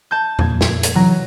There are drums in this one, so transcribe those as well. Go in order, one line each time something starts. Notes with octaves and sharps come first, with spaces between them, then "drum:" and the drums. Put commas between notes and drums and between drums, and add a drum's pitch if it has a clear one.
A5 G6
F2 A#2 G#6, drum: tom E2
drum: snare
drum: hi-hat
C3 E3 F#3 A#5